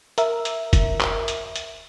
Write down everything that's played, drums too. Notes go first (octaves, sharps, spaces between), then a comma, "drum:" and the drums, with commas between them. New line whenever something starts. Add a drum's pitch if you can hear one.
A#4 E5, drum: hi-hat
drum: hi-hat
drum: kick, hi-hat
drum: clap
drum: hi-hat
drum: hi-hat